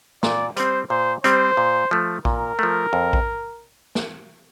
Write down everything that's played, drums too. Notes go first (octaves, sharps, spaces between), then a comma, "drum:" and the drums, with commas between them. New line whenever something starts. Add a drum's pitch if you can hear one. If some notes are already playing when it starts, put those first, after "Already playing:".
A#2 D5, drum: snare
G3 C4 C5, drum: hi-hat
A#2 C5
G3 C4 C5, drum: hi-hat
A#2
F3 A3
A#2 A#4, drum: kick A#1
F3 A3
F2
drum: kick A#1
drum: snare